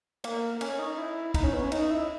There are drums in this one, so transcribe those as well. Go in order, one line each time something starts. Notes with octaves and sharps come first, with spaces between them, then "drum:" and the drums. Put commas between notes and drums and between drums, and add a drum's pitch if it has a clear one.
A#3, drum: cymbal
C#4, drum: cymbal
D#4
E4
D#4, drum: kick, cymbal
C#4
B3
C#4
D#4, drum: cymbal
E4